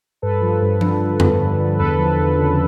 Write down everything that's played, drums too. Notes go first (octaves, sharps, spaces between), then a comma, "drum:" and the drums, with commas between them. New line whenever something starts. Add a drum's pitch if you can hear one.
G2 A4 B4
F3
G2
D3, drum: tom F3
G2
F3, drum: tom F2
G2
D3
E2 A4 B4
F3
E2
C#3